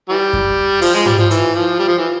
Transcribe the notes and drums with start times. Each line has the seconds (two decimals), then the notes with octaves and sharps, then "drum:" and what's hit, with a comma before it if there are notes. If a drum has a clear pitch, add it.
0.10 E3 G3
0.33 drum: kick F#2
0.82 F3, drum: open hi-hat
0.94 G#3
1.06 G3, drum: tom G#2
1.19 F3
1.31 E3, drum: hi-hat
1.54 F3
1.79 G3
1.88 F3
1.98 E3